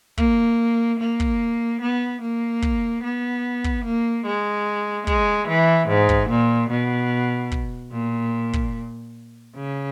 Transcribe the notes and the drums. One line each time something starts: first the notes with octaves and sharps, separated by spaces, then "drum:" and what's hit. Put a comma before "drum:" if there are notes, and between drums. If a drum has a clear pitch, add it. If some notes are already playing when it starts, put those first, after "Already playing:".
A#3, drum: kick
A#3
drum: kick
B3
A#3
drum: kick
B3
drum: kick
A#3
G#3
G#3, drum: kick
E3
G#2
drum: kick
A#2
B2
drum: kick
A#2
drum: kick
C#3